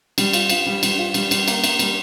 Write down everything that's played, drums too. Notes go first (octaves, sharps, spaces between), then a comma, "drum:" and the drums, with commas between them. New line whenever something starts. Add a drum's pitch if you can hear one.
G3, drum: cymbal
F4, drum: cymbal
F4, drum: cymbal
G3
G3, drum: cymbal
F4
G3, drum: cymbal
G3, drum: cymbal
A#3, drum: cymbal
A#3, drum: cymbal
G3, drum: cymbal